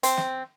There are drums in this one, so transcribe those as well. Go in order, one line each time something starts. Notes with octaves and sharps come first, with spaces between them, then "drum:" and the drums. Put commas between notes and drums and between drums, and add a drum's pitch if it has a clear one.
C4, drum: hi-hat
drum: snare